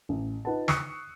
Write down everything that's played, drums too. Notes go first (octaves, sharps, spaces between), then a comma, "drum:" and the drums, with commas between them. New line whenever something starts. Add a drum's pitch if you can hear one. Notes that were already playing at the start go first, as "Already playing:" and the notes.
A1
D#4 F4 B4 F#5 A5
C#6 D#6 E6 F#6 C7 C#7, drum: snare